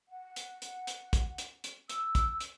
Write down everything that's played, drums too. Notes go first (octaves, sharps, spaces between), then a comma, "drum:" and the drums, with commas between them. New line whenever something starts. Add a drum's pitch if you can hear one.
F#5
drum: hi-hat
drum: hi-hat
drum: hi-hat
drum: kick, hi-hat
drum: hi-hat
drum: hi-hat
E6, drum: hi-hat
drum: kick, hi-hat
drum: hi-hat